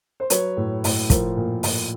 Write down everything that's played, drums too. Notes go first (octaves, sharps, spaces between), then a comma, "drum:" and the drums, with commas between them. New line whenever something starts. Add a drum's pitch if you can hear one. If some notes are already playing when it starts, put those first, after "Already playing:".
C5
F#3 B4 C#5, drum: hi-hat
A2
A2, drum: open hi-hat
F3 A#4 C5, drum: kick, hi-hat
A#2
A#2, drum: open hi-hat